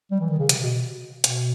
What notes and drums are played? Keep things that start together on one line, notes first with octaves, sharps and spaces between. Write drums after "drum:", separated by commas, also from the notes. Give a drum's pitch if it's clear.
G3
E3
D#3
C#3
C3, drum: hi-hat
B2
B2, drum: hi-hat